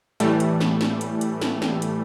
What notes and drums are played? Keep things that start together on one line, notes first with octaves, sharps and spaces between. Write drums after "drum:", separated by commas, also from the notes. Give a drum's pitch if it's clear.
A2 E3 G3 A3, drum: hi-hat
drum: hi-hat
drum: snare
drum: snare
drum: hi-hat
drum: hi-hat
drum: snare
drum: snare
drum: hi-hat